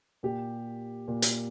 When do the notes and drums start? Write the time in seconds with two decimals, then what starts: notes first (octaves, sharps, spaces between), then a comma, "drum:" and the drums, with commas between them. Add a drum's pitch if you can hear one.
0.23 A#2 G4
1.08 A#2
1.22 drum: hi-hat